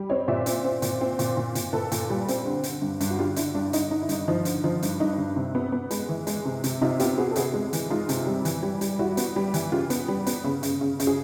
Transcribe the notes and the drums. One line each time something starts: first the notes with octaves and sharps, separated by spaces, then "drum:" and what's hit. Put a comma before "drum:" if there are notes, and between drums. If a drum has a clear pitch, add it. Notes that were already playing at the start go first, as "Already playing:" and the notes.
Already playing: G3
C4 C#5 D#5
A#2 D5 E5
C4, drum: hi-hat
C4
A#2, drum: hi-hat
C4
A#2, drum: hi-hat
A#2
A#2, drum: hi-hat
A#2 A4 B4
A#2, drum: hi-hat
G3
C4, drum: hi-hat
D3
D3, drum: hi-hat
G2
G2, drum: hi-hat
F#4
D3 F4 G4
D3 D4 E4, drum: hi-hat
G2 D4
D3 D#4, drum: hi-hat
D3 D#4
E4
G2 D#4, drum: hi-hat
F3 D#4
D3, drum: hi-hat
F3 D#4
G2, drum: hi-hat
G2 D#4
G2
C3
B3
B3
G#3, drum: hi-hat
E3
G#3, drum: hi-hat
C3
C3, drum: hi-hat
C3 D#4 F4
B3 F4 G4, drum: hi-hat
B3 F#4 G#4
A4
C3 F#4 G#4, drum: hi-hat
G#3
E3, drum: hi-hat
G#3 D#4 F4
C3, drum: hi-hat
G3
E3, drum: hi-hat
G3
G3, drum: hi-hat
G3 E4 F#4
B3, drum: hi-hat
G3
E3, drum: hi-hat
C#3 F4 G4
B3, drum: hi-hat
G3
B3, drum: hi-hat
C#3
C#3, drum: hi-hat
C#3
C#3, drum: hi-hat
G#4